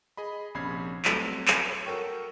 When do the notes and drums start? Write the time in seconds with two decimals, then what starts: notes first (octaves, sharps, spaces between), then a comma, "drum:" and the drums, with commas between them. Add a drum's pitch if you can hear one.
0.17 G#4 D#5 B5
0.55 A#1 C3 C#4 B5 G#6 C7
1.05 F#3 G3 A3 C4 A4, drum: clap
1.48 drum: clap
1.69 C#5
1.86 F#4 A4 A#4 G5 C#6